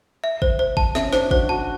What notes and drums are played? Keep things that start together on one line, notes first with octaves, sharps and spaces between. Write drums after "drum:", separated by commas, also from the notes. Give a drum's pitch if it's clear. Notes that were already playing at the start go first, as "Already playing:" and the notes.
E5
C5, drum: kick
C5
A5, drum: kick
C#4 E5, drum: snare
D4 C5, drum: snare
F#4 C5, drum: kick
F#4 A5